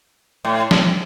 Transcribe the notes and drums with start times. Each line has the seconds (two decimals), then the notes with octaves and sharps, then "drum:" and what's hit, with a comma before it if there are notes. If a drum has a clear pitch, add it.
0.45 A2
0.71 drum: snare